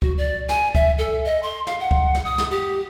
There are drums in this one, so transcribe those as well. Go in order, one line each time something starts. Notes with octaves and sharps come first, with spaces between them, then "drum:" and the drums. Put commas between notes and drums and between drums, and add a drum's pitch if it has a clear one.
F#4, drum: kick C#2
D5
G#5, drum: snare
E5, drum: kick C#2
A4
D#5
C6
F5, drum: snare
F#5
drum: kick C#2
drum: snare
D#6
drum: snare
G4